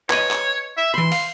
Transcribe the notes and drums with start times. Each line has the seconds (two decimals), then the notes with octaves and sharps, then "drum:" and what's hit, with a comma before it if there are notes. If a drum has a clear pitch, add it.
0.10 B4 C#5 D#5, drum: clap
0.31 drum: clap
0.77 E5
0.94 E3 B5 C6
1.12 F5, drum: open hi-hat